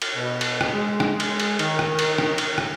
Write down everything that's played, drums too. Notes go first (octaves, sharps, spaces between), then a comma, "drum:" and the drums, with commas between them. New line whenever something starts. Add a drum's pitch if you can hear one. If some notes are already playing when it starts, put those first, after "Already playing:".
drum: cymbal
B2
drum: cymbal
drum: rim click
G#3
drum: rim click
drum: cymbal
drum: cymbal
D#3, drum: cymbal
drum: rim click
drum: cymbal
drum: rim click
drum: cymbal
drum: rim click